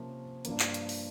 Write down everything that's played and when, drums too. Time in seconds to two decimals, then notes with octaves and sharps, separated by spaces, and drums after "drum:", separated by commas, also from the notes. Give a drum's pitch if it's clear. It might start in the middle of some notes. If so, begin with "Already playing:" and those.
Already playing: C3 F3 A#3 C#4
0.45 G2 F3 A#3, drum: hi-hat
0.60 drum: clap
0.74 drum: hi-hat
0.89 drum: open hi-hat